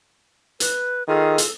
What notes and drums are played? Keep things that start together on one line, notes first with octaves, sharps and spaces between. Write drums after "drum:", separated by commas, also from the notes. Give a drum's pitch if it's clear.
B4, drum: hi-hat
D#3 F4 G#4 A4
drum: hi-hat